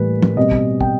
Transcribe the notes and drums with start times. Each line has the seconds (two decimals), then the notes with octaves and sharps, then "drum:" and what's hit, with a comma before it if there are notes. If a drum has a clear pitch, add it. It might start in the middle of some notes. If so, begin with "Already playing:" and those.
Already playing: A2 E3 G3 A#3 B4
0.22 drum: tom
0.37 B2 G3 C4 D#5
0.51 drum: kick
0.81 G5, drum: kick